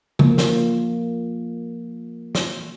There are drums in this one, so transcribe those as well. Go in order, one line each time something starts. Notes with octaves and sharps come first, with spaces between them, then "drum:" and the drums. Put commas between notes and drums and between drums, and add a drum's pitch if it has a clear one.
F3 A#3, drum: tom C#3
drum: snare
drum: snare